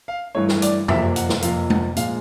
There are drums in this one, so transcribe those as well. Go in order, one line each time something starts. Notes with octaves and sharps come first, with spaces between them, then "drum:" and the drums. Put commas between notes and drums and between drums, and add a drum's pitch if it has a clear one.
F5
G2 E3 A3 C#5
drum: snare
D5, drum: hi-hat
F2 C3 F3 A#3 E5, drum: tom F#2
F#5, drum: hi-hat
drum: snare
F2 C3 F3 A#3 F5, drum: hi-hat
F#5, drum: tom G#3
A#2 F3 G#3 F5, drum: hi-hat